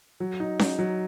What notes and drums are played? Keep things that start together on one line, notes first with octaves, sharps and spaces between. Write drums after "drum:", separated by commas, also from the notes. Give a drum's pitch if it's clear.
F#3
D#4
D#4, drum: snare C#4
F#3